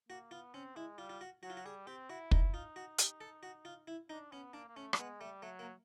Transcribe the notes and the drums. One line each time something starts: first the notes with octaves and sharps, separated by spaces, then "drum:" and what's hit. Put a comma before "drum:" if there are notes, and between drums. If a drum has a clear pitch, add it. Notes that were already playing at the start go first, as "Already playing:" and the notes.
A#3 F#4
B3 F4
C4 C#4
G#3 E4
G3 F4
F4
F#4
F#3 F#4
F4
F#4
G3 G#4
C4 G4
E4 F#4
D#4 E4, drum: kick
D#4 F4
F#4
G4, drum: hi-hat
A4
F#4
F4
E4
D4 D#4
B3 C#4
A#3 D4
A#3
A3 C#4
G3, drum: rim click
G#3 B3
G3 A3
F#3 A3
A#3